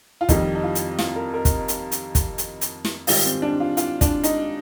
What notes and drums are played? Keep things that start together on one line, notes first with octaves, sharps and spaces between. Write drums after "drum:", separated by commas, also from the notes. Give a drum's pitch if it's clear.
F4
F2 D#3 G3 D#4, drum: kick, hi-hat
D#4
F4
drum: hi-hat
F4, drum: snare
A#4
A#4
drum: kick, hi-hat
drum: hi-hat
drum: hi-hat
drum: kick, hi-hat
drum: hi-hat
drum: hi-hat
drum: snare
G#2 D#3 G3 F4, drum: open hi-hat
C4
D4
F4
F4, drum: hi-hat
D4, drum: kick, hi-hat
D#4, drum: hi-hat